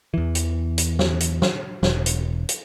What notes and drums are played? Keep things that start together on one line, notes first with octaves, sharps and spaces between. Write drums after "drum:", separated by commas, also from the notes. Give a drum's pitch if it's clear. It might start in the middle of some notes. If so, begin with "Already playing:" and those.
E2 E3
drum: hi-hat
drum: hi-hat
drum: snare
drum: hi-hat
drum: snare
E1, drum: snare
drum: hi-hat
drum: hi-hat